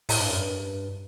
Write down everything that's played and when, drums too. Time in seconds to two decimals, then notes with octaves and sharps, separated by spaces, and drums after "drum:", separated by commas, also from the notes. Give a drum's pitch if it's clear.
0.09 A2, drum: open hi-hat
0.20 G2
0.30 F#2
0.39 G2